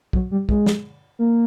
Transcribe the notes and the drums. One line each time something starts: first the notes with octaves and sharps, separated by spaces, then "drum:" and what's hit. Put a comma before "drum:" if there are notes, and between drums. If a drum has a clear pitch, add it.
F#3, drum: kick
G3
G#3, drum: kick
drum: snare
A#3